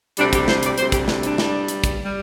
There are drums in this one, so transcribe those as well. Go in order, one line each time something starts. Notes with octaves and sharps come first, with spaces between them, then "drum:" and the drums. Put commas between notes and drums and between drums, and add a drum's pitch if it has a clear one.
D2 C3 G3 D4, drum: hi-hat
G4, drum: kick, hi-hat
C5, drum: snare
D5, drum: hi-hat
D2 C3 G3 C5, drum: hi-hat
G4, drum: kick, hi-hat
D4, drum: snare
D4, drum: hi-hat
G2 G3, drum: snare
drum: hi-hat
drum: kick, hi-hat
G3